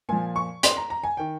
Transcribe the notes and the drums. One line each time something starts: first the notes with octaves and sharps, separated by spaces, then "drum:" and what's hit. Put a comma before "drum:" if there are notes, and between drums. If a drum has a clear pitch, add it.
A#2 F3 G#5
C#6
C6, drum: hi-hat
A#5
A#5
G#5
D#3 G5